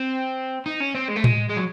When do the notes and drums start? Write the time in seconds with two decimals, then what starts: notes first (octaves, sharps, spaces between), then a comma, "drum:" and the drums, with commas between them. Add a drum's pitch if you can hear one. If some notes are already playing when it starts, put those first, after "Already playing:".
Already playing: C4
0.66 D#4
0.80 C#4
0.94 C4
1.08 G#3
1.16 A3
1.24 G#3, drum: tom A2
1.49 G#3
1.57 F#3